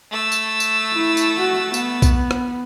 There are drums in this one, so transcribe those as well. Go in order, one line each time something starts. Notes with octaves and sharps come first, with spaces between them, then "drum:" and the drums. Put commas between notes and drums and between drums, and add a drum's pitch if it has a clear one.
A3 E6
drum: tambourine
drum: tambourine
E4
drum: tambourine
F#4
B3, drum: tambourine
drum: kick B1, tambourine
drum: rim click